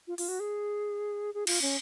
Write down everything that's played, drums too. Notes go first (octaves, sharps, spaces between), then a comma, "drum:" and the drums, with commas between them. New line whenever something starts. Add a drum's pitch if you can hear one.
F4
F4, drum: open hi-hat
F#4
G#4
G#4
F4, drum: cymbal
C#4